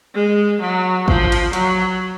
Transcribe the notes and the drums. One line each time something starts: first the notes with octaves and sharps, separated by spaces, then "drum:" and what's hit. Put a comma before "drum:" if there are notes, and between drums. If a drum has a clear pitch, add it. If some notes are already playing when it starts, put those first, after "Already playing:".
G#3
F#3
F3, drum: kick G#1
drum: cymbal
F#3, drum: hi-hat